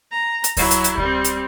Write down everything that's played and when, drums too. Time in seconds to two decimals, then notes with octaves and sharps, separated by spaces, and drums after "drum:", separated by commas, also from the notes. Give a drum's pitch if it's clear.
0.11 A#5
0.44 drum: hi-hat
0.57 F#3 E4, drum: kick C#2, open hi-hat
0.71 drum: hi-hat
0.84 drum: hi-hat
0.98 G3 C4, drum: kick C#2
1.24 drum: hi-hat